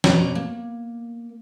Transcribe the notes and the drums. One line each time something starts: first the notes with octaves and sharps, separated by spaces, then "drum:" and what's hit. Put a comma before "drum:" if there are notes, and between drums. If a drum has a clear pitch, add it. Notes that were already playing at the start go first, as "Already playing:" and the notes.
F2 B2 C#4 D5 A#5, drum: snare
A#3